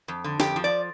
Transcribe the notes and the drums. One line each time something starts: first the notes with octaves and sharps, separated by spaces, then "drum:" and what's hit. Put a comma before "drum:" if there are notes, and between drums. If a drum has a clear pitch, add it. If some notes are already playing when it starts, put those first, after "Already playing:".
F2
D3
F2 G4, drum: snare
F3
D5